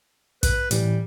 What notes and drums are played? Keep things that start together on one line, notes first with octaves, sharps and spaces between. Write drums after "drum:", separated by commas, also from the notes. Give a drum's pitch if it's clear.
G#2 B4, drum: kick, hi-hat
A2 E3 G3, drum: hi-hat